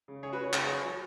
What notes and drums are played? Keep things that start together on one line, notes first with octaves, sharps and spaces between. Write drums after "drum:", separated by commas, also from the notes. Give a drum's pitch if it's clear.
C#3
C#3 G#4 C#5
F#4 B4
C#3 C#5
C#3 B4, drum: clap
G#4 C#5
F#3
F#3